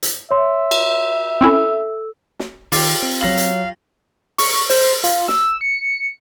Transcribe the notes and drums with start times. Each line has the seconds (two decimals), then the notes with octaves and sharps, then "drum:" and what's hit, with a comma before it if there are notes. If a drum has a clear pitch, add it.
0.03 drum: hi-hat
0.31 C#5 E5 C6
0.71 drum: cymbal
1.41 C4 C#4 E4 A4 E6
2.40 drum: snare
2.72 D#3 F4 G4 D6, drum: open hi-hat
3.03 C4
3.21 F#3 F5 A#6 F#7
3.37 drum: hi-hat
4.38 C#6, drum: open hi-hat
4.70 C5, drum: open hi-hat
5.04 F4, drum: hi-hat
5.28 E6, drum: snare
5.61 C#7